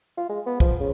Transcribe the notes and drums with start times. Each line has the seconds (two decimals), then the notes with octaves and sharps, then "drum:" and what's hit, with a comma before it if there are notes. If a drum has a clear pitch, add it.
0.17 F4
0.29 G#3
0.46 B3
0.60 F3, drum: kick
0.80 C#3